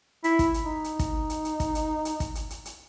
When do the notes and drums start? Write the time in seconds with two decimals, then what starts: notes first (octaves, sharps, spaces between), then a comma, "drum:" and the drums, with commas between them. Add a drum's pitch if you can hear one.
0.24 E4, drum: hi-hat
0.39 drum: kick, hi-hat
0.54 drum: hi-hat
0.64 D#4
0.84 drum: hi-hat
0.99 drum: kick, hi-hat
1.30 drum: hi-hat
1.45 drum: hi-hat
1.60 drum: kick, hi-hat
1.75 drum: hi-hat
2.05 drum: hi-hat
2.20 drum: kick, hi-hat
2.35 drum: hi-hat
2.50 drum: hi-hat
2.65 drum: hi-hat